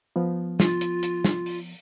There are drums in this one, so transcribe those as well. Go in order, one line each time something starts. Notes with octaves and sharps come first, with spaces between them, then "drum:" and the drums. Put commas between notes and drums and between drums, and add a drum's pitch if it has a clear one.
F3 B3
F4, drum: snare
drum: hi-hat
drum: hi-hat
drum: snare
drum: open hi-hat